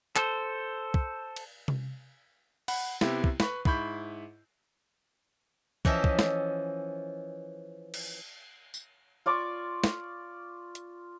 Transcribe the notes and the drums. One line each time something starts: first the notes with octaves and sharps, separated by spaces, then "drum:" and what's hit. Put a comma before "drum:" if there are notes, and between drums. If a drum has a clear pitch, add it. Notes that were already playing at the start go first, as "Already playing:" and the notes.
A4 C5, drum: clap
drum: kick
drum: cymbal
drum: tom C3
F#5 B5, drum: cymbal
C3 B3 E4 G4, drum: snare
drum: kick
B4 B5 C#6, drum: snare
G#2 E4 B5 C#6 G6, drum: kick
E3 F3 C#4 D#5 E5, drum: kick
drum: kick
drum: snare
drum: cymbal
drum: tambourine
F4 D5 C#6 D6
drum: snare
drum: hi-hat